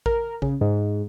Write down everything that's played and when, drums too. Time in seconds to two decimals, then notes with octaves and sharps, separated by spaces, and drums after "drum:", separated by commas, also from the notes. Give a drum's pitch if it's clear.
0.06 A#4, drum: kick A1
0.42 C#3, drum: kick A1
0.61 G#2